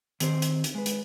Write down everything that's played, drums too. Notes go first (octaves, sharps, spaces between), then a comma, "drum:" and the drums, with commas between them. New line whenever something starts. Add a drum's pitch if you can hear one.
D#3 C4 G4 C5, drum: hi-hat
drum: hi-hat
drum: hi-hat
G#3 B4
drum: hi-hat